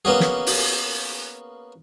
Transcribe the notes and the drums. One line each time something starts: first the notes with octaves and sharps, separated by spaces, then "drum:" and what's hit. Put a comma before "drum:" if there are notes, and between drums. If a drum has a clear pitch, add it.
A#3 B3 C#4 F#4 G#4
drum: snare
drum: open hi-hat